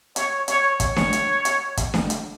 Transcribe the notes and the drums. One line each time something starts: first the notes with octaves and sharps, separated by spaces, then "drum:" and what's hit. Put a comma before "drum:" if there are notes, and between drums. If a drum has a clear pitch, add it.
C#5, drum: hi-hat
C#5, drum: hi-hat
C#5, drum: kick, hi-hat
drum: snare D4
drum: hi-hat
drum: hi-hat
drum: kick, hi-hat
drum: snare D4
drum: hi-hat